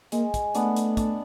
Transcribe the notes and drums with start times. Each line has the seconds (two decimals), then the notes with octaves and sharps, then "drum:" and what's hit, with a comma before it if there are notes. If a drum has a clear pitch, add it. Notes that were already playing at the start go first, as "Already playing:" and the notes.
0.12 G#3 A#3, drum: hi-hat
0.34 drum: kick, hi-hat
0.55 A3 B3 D4, drum: hi-hat
0.76 drum: hi-hat
0.97 D4, drum: kick, hi-hat